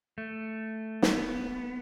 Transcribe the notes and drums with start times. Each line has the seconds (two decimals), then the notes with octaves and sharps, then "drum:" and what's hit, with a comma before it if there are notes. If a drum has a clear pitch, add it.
0.18 A3
1.02 drum: snare
1.17 B3